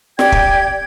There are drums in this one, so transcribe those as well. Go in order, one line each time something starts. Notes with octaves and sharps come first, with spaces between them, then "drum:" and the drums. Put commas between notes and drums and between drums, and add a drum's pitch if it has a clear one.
G4 D5 G5 G#6, drum: snare
drum: kick